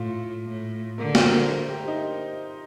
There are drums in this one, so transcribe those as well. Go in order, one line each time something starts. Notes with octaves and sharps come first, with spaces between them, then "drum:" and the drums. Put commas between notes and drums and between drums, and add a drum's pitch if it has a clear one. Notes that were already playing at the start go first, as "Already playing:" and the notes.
Already playing: A2 F4
A2
D3 A#4
C5, drum: snare
A#4
C5
A#4
G4
D#4